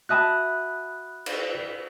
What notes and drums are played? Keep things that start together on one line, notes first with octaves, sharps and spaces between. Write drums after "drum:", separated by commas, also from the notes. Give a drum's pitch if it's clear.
F#4 E5 A5 B5 D#6 F#6
drum: cymbal